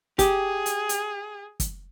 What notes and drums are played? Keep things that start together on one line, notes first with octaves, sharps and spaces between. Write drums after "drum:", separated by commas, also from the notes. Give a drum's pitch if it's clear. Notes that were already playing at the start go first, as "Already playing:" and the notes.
G4 G#4, drum: kick, hi-hat
drum: hi-hat
drum: hi-hat
drum: kick, hi-hat